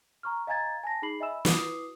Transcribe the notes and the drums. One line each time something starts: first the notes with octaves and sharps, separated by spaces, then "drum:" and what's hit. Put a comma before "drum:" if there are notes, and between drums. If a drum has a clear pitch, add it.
A#5 C#6 F6
D#5 F5 G#5 A#5 G#6 A6
G#5 A5 A#6
D#4 G#4 B5 C7 F#7
D#5 E5 G#5 B5 E6 E7
E4 F#4 B4 D6 D#6 C7, drum: snare